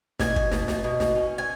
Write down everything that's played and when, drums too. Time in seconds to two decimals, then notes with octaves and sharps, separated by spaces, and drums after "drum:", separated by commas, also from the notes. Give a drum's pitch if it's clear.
0.19 B2 G#5, drum: snare
0.36 drum: kick
0.52 B2, drum: snare
0.68 drum: snare
0.84 B2
1.00 drum: snare
1.16 C#4
1.38 G#5